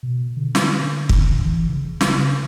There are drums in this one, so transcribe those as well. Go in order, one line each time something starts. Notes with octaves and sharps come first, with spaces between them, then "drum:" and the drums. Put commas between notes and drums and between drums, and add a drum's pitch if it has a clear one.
B2
D3
drum: snare
drum: kick
E3
C#3
drum: snare